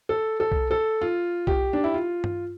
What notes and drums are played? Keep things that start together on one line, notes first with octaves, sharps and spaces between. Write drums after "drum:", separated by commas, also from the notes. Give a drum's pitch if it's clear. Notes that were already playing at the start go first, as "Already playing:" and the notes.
A4
A4
drum: kick B1
A4
F4
G4, drum: kick B1
D4
E4
F4
drum: tom G2